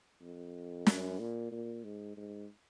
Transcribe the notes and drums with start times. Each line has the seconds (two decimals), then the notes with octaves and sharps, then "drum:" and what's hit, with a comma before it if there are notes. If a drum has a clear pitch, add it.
0.21 F2
0.87 F#2, drum: snare
1.19 A#2
1.51 A#2
1.84 G#2
2.17 G#2